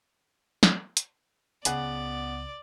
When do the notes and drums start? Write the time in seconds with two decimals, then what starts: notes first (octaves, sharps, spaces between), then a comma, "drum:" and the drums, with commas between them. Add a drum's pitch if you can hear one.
0.63 drum: snare
0.97 drum: hi-hat
1.65 C#2 C#3 B3 G#4 D5 F#5, drum: hi-hat